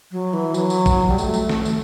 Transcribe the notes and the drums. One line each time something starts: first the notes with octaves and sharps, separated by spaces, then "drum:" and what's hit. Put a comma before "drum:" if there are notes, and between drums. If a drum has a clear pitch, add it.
F#3
E3
F#3, drum: tambourine
drum: tambourine
drum: kick A1, tambourine
G3
A3, drum: tambourine
drum: tambourine
drum: snare
drum: tambourine